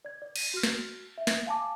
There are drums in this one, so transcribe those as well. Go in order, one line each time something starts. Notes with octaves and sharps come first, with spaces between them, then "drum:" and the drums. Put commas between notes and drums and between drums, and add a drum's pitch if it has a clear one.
D5 G#6
D5
D#7, drum: cymbal
F#4 F6
drum: snare
E5
drum: snare
F5 G#5 A5 D6